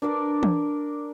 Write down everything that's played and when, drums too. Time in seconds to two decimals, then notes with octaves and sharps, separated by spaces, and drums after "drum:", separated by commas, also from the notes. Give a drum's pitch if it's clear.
0.02 D4 A#4 D5
0.43 drum: tom E3